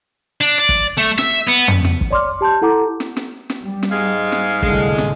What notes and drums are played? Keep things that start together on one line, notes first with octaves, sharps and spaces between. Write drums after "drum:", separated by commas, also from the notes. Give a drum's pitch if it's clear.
D4
D5
drum: kick G1
A3
E5, drum: snare
B3
drum: tom
drum: snare
drum: kick G1
C#5 D5 C6 D6 F6
G4 A5 C6 G6
E4 A4 F#5 A#5 D6
drum: snare
drum: snare
drum: snare
G3
drum: snare
G#2 G#3 F5
drum: snare
C2 A2 D3 G#3, drum: kick G1
drum: snare